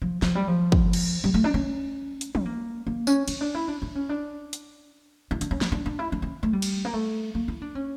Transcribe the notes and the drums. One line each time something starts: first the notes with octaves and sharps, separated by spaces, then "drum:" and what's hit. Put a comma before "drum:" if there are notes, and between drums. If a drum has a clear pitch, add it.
F3
F3, drum: snare
G3
F3
drum: kick
drum: cymbal
G3
A3
D4
C#4
drum: hi-hat
C#4, drum: tom
A#3
A#3
C#4, drum: tambourine
C#4, drum: cymbal
D4
E4
D4
D4
C#4
D4
drum: hi-hat
E4
D4, drum: hi-hat
C#4
A#3, drum: snare
D4
D4
E4
D4
C#4
A3
G3
drum: cymbal
A#3
A3
A#3
E4
D4
C#4